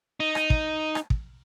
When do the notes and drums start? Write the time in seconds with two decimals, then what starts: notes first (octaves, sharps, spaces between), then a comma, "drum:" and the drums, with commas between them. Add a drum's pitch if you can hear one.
0.20 D#4
0.35 drum: rim click
0.50 drum: kick
0.95 drum: rim click
1.10 drum: kick